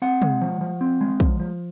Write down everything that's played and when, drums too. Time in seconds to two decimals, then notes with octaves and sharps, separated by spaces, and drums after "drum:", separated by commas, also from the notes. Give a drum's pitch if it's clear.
0.02 C4 F#5
0.22 G#3, drum: tom
0.41 F3
0.61 F3
0.81 C4
1.01 G#3
1.20 F3, drum: kick
1.40 F3